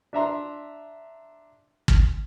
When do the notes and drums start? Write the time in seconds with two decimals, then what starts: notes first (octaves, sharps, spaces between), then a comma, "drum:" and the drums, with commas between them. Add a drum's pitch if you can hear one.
0.13 D4 E5 A#5 C6
1.88 drum: kick